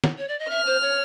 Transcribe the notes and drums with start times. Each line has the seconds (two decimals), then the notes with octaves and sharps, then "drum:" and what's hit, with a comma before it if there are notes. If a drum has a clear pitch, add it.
0.04 drum: snare
0.18 C#5
0.28 D5
0.39 D#5
0.50 E5 F6
0.66 C5
0.82 C#5